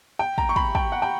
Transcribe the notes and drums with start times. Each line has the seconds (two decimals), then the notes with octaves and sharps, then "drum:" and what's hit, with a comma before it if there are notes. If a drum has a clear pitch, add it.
0.19 G5
0.38 A#5, drum: kick
0.49 C#6
0.56 B5, drum: kick
0.75 G5, drum: kick
0.92 F#5
1.02 G5